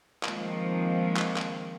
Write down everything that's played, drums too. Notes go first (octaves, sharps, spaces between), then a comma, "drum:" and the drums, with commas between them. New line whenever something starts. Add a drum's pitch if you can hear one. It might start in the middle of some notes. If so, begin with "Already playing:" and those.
D#3 F3 G#3 A#3 C4, drum: clap
drum: clap
drum: clap